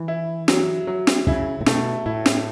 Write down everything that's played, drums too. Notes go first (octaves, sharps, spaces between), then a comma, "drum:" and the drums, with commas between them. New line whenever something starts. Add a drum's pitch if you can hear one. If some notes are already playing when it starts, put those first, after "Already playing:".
Already playing: E3
E4
F#3, drum: snare
F#3
drum: snare
C#3 E4, drum: kick
A2
B2 A3, drum: snare
A2 E4
drum: snare